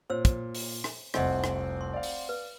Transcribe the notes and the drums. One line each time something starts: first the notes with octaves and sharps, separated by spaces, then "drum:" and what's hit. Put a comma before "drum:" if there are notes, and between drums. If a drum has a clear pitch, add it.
A#2 C5 C#5 E6
drum: kick, hi-hat
drum: open hi-hat
drum: rim click
F1 C2 C4 D#5 F#5 C#6, drum: rim click
drum: rim click
C6
D5 F5
drum: open hi-hat
B4